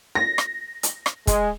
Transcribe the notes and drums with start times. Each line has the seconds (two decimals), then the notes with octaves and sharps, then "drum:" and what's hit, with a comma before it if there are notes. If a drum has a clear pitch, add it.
0.15 A#6
0.38 drum: rim click
0.83 drum: hi-hat
1.06 drum: rim click
1.27 G#3, drum: kick, hi-hat